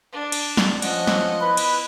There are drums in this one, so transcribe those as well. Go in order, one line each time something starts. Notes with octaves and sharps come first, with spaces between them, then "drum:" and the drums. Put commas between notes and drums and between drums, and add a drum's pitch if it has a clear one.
D4
drum: cymbal
drum: snare
F3 C#4 D#5 F#5, drum: cymbal
drum: snare
B3 E4 B4 B5
drum: cymbal